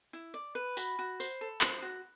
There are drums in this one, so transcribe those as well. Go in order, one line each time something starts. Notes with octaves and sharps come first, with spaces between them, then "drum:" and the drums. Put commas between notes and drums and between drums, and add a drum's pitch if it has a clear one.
E4
D5
B4
F#4 B5, drum: tambourine
F#4
C5, drum: tambourine
A4
C5, drum: clap
F#4